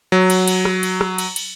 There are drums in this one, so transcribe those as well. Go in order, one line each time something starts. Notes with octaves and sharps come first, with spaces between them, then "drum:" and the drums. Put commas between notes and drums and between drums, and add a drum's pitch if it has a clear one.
F#3
drum: cymbal
drum: cymbal
drum: rim click
drum: cymbal
drum: rim click
drum: cymbal
drum: cymbal